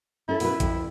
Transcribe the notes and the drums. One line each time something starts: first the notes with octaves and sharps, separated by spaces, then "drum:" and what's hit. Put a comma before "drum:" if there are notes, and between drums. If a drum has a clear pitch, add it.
C#4 E4 A4
B2 A4 B4, drum: open hi-hat
F2, drum: kick A1, hi-hat